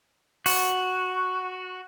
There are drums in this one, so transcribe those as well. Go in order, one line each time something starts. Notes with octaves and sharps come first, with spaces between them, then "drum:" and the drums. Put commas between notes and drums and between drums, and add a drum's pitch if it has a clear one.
F#4, drum: open hi-hat